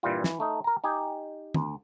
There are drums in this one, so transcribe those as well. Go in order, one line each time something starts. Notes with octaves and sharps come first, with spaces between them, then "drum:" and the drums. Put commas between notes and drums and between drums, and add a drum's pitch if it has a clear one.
G2 A#2 E3 G3 F4
E3, drum: snare
A3 D#4
A#4 A#5
D#4 G4 G#5
D2, drum: tom